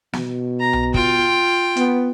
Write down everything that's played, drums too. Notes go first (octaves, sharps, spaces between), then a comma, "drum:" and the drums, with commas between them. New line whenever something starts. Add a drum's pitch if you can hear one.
B2, drum: snare
A#5
drum: tom B1
F4 G5, drum: kick
B3, drum: hi-hat